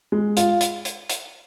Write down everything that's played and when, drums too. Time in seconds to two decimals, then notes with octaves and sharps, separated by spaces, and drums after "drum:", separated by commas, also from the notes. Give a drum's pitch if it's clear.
0.12 G#3
0.37 F4, drum: hi-hat
0.61 drum: hi-hat
0.85 drum: hi-hat
1.10 drum: hi-hat